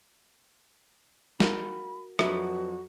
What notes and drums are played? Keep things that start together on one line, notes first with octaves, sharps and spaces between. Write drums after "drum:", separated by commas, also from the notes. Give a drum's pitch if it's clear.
F#4 A#4 F5 B5, drum: snare
F2 F#3 D4 F#4 B4 E5, drum: rim click